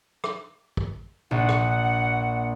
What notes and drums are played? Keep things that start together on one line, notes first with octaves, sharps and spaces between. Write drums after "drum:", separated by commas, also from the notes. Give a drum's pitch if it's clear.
drum: rim click
drum: kick
A#1 F#5
drum: rim click